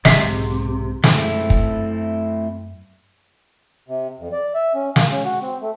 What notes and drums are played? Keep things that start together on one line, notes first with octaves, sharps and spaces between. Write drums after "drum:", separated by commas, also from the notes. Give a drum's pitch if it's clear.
B1 G#2 C3 D#5 E5 C7, drum: snare
F#2 A3 C4 E4, drum: snare
drum: kick
C3
F2
D5
E5
C#4
A#3, drum: snare
C#4
F#4
C4
A3